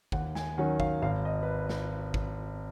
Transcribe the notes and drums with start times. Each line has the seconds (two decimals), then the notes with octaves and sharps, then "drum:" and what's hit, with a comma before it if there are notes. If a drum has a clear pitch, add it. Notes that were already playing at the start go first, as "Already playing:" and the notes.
0.12 D#2 F#5, drum: kick
0.35 G#5, drum: snare
0.58 D#3 F#3 C#4 F#5
0.80 F5, drum: kick
1.02 G#1 F5
1.25 D#5
1.43 B4
1.69 drum: snare
2.14 drum: kick